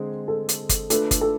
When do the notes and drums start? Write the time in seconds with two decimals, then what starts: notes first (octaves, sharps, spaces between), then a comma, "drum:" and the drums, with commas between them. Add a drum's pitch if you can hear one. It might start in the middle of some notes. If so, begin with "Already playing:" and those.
Already playing: D3 G#3 C4 G#4
0.28 A4
0.49 drum: hi-hat
0.69 drum: kick G1, hi-hat
0.90 A3 D4 F4 A4 B4, drum: hi-hat
1.11 drum: kick G1, hi-hat
1.21 A4